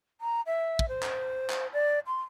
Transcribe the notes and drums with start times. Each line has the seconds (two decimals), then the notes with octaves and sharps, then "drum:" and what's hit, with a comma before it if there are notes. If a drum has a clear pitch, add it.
0.21 A#5
0.46 E5
0.79 drum: kick
0.89 C5
1.03 drum: clap
1.50 drum: clap
1.73 D5
2.07 C6